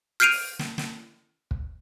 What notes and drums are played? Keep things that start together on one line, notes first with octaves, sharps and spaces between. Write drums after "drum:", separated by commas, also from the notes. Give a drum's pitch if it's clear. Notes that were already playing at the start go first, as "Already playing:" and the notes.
F6 G6 C7 D7 D#7 F7
drum: open hi-hat
drum: snare
drum: snare
drum: kick